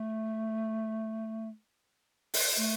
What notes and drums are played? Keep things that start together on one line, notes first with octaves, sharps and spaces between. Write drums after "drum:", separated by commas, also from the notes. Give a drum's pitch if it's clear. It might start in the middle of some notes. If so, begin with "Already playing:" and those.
Already playing: A3
drum: open hi-hat
A3